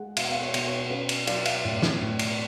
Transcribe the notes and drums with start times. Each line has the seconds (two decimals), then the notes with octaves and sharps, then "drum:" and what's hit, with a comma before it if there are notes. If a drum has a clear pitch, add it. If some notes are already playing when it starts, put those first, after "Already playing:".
Already playing: G#3 F#5
0.17 B2 E5, drum: cymbal
0.24 F#5
0.32 E5
0.41 C#5
0.54 B2, drum: cymbal
0.66 C#5
0.90 C#4 B4
1.09 drum: cymbal
1.27 F#3 D5, drum: cymbal
1.45 E5, drum: cymbal
1.64 A2
1.82 drum: snare
2.01 A2
2.19 drum: cymbal